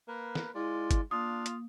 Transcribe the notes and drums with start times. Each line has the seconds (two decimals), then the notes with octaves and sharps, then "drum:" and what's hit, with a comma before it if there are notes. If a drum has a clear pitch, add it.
0.08 A#3 A#4 B4
0.35 drum: snare
0.55 G#3 E4 F4 D5
0.91 drum: kick G1, hi-hat
1.11 A#3 D4 F4 D#6
1.46 drum: hi-hat